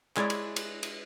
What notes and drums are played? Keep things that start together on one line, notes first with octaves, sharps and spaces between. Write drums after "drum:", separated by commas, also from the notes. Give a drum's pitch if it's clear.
G#3 E4 C#5 D5, drum: clap
drum: cymbal
drum: cymbal
drum: cymbal